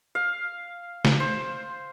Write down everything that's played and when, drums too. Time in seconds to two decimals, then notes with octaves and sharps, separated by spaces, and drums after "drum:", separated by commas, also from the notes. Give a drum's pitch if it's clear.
0.15 F5
1.05 drum: snare
1.20 C5